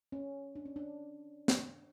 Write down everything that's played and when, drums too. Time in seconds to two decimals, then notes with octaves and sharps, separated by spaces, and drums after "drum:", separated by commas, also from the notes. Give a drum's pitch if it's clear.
0.12 C#4
0.56 D4
0.66 C#4
0.76 D4
1.48 drum: snare